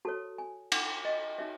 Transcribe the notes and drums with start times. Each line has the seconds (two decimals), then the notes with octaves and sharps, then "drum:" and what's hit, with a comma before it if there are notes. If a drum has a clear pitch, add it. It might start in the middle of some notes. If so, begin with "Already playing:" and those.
0.05 F#4 A4 C#5 A5
0.38 G#5
0.72 F#5, drum: cymbal
1.05 D#5
1.38 D#4 F#4 C#5 E5